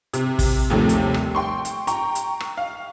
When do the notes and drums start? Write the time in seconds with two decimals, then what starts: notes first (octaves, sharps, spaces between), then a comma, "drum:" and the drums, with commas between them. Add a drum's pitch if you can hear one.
0.13 C3, drum: hi-hat
0.39 drum: kick, open hi-hat
0.70 D#2 A2 C3 F3 G3 A3
0.89 drum: hi-hat
1.14 drum: rim click
1.35 G5 C6 C#6
1.65 drum: hi-hat
1.87 G5 A#5 C#6, drum: hi-hat
2.15 drum: hi-hat
2.40 drum: rim click
2.57 F5